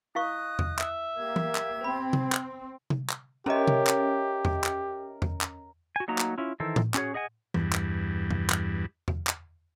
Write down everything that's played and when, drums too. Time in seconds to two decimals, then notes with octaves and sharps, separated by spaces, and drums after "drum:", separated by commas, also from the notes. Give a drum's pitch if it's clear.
0.15 E4 D#5 F5 C#6 D#6 F#6
0.59 drum: tom
0.79 E5, drum: clap
1.17 A#3 G4 G#6
1.36 drum: tom E3
1.55 drum: clap
1.81 C4 C5 B5
2.13 drum: tom C3
2.32 drum: clap
2.90 drum: tom C3
3.10 drum: clap
3.46 C#4 G4 A4 A#4 C#5 D#5 E5
3.68 drum: tom C3
3.87 drum: clap
4.45 drum: tom
4.64 drum: clap
5.22 drum: tom
5.41 drum: clap
5.96 F#4 G#5
6.08 F#3 A3 A#3 D#4 F#4 A#5
6.18 drum: clap
6.38 C#4 E4 F4
6.60 D#3 E3 E4 A4 A#4 C5
6.76 drum: tom A2
6.94 C#4 F#4 G#4 C#5, drum: clap
7.14 G#4 D#5 F#5 G#5
7.54 E2 G2, drum: tom E3
7.73 drum: clap
8.31 drum: tom
8.50 drum: clap
9.08 drum: tom
9.27 drum: clap